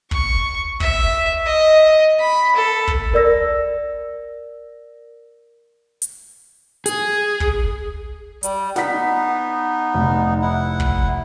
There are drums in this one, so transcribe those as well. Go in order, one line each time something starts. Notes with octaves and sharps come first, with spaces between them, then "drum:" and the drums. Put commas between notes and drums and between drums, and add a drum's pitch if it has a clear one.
C#6, drum: kick
E5, drum: kick
D#5
B5
A4
drum: kick
A#4 D5 E6 A#6
drum: hi-hat
G#4, drum: hi-hat
drum: kick
G3, drum: hi-hat
B3 D#4 F#5 B6, drum: snare
F1
E4 F#5
drum: kick